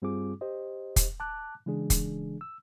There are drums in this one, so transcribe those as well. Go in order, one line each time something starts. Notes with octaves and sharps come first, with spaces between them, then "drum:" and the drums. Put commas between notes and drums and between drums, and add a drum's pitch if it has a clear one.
G2 G3 C4 F4 G#4 D6
G4 C5 D#5
drum: kick, hi-hat
A5 D6 F#6
C#3 E3 G#3 D4 G#4
drum: kick, hi-hat
E6